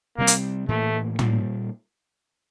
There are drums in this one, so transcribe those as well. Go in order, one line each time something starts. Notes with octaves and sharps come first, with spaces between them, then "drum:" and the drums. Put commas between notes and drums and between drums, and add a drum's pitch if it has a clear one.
C3 G3 A#3 C4
drum: hi-hat
A2 E3 A3 A#3
A#2 G3 A#3, drum: tom